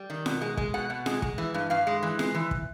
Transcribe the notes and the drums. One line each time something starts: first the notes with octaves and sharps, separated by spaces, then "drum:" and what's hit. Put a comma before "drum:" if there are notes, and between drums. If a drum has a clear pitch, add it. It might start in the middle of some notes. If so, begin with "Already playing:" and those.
Already playing: G3
D#3
B2, drum: snare
G#3
G#3, drum: kick
B2 F#5
B2
G#3, drum: snare
G#3, drum: kick
E3
G2
G2 F5
G#3
E3
G#3, drum: snare
E3
drum: kick